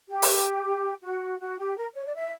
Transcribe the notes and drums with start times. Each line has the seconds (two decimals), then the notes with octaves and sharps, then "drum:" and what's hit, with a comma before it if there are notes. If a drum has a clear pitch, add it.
0.09 G4
0.22 drum: open hi-hat
1.03 F#4
1.40 F#4
1.59 G4
1.77 A#4
1.95 C#5
2.05 D5
2.15 E5